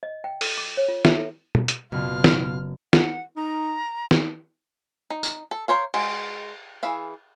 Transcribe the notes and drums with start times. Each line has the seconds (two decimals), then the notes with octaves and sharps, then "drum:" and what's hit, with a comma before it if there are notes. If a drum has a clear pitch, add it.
0.03 D#5
0.24 G5
0.41 A4, drum: open hi-hat
0.58 D6
0.77 C#5
0.88 F4
1.05 E5, drum: snare
1.17 A4
1.55 drum: tom
1.68 drum: hi-hat
1.92 F#1 B2 F4 F6
2.24 drum: snare
2.93 F#5, drum: snare
3.37 D#4 A#5
4.11 drum: snare
5.10 D#4
5.23 drum: tambourine
5.51 A4
5.68 A#4 C5 C#5 F5
5.94 G#3 F#4, drum: cymbal
6.83 E3 G#4 E5 F5